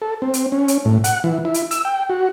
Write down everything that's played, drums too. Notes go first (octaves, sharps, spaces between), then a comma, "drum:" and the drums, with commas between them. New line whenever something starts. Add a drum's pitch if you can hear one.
A4
C4
drum: hi-hat
C#4
drum: hi-hat
A2
F#5, drum: hi-hat
E3
E4
drum: hi-hat
E6, drum: hi-hat
G5
F#4